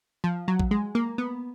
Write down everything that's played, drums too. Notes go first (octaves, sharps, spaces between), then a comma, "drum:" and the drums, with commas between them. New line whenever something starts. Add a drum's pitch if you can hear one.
F3
F#3
drum: kick A1
G#3
A#3
B3